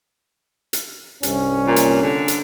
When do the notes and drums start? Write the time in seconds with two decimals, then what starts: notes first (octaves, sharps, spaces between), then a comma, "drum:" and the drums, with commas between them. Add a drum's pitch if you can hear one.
0.73 drum: hi-hat
1.23 C2 G2 C#4, drum: hi-hat
1.67 A#2
1.76 drum: hi-hat
2.02 D3
2.28 drum: hi-hat